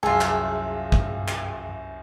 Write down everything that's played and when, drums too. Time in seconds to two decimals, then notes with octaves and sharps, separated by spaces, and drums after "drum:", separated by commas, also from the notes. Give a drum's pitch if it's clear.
0.03 C2 F#2 F4 G#4 E5 G#5 A5
0.21 drum: clap
0.92 drum: kick
1.28 drum: clap